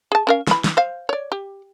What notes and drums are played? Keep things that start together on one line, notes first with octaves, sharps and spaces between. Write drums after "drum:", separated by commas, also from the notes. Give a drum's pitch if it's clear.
G#4 A5
C#4 A#4 F5
E3 B5, drum: snare
drum: snare
C5 F5
C#5 D5
G4